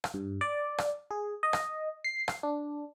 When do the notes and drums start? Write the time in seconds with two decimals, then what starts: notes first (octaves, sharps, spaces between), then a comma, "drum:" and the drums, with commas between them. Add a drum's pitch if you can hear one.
0.04 drum: rim click
0.14 G2
0.41 D5
0.78 drum: rim click
1.11 G#4
1.43 D#5
1.53 drum: rim click
2.04 C7
2.28 drum: rim click
2.43 D4